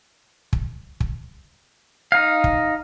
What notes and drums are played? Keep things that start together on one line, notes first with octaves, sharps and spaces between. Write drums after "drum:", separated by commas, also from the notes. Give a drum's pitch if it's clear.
drum: kick
drum: kick
D#4 F5
drum: kick